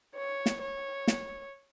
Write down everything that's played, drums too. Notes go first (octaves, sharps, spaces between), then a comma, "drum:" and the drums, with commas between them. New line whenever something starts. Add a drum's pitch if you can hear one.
C#5
drum: snare
C#5
drum: snare